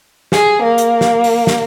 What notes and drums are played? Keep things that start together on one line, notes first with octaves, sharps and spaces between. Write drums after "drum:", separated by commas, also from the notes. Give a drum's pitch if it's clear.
G#4, drum: snare
A#3
drum: hi-hat
drum: snare
drum: open hi-hat
drum: snare